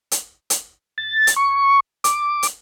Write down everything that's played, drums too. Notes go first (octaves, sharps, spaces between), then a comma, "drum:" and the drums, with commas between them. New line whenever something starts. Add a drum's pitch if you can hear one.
drum: hi-hat
drum: hi-hat
A6
drum: hi-hat
C#6
D6, drum: hi-hat
drum: hi-hat